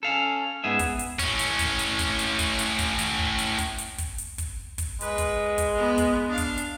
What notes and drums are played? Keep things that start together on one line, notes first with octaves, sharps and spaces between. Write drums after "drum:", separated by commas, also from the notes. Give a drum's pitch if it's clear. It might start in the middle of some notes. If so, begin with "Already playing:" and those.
C#4 A4 F5
G#2 B3 G#4 E5
drum: kick, hi-hat
drum: hi-hat
A2 C#4, drum: kick, hi-hat
drum: hi-hat
drum: kick, hi-hat
drum: hi-hat
drum: kick, hi-hat
drum: hi-hat
drum: kick, hi-hat
drum: hi-hat
drum: kick, hi-hat
drum: hi-hat
drum: kick
drum: hi-hat
drum: kick, hi-hat
drum: hi-hat
drum: kick, hi-hat
drum: hi-hat
drum: kick, hi-hat
drum: kick, hi-hat
G#3 B4, drum: hi-hat
drum: kick, hi-hat
drum: kick, hi-hat
B3
drum: kick, hi-hat
D4 F5
drum: kick, hi-hat
drum: hi-hat